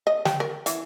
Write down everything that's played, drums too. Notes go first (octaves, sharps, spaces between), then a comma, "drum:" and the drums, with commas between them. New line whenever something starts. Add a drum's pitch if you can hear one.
D#5
G4, drum: snare
A#4
E3, drum: hi-hat